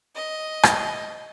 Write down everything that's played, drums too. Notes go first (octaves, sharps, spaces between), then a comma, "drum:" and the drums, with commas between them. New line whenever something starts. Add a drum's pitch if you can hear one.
D#5
drum: rim click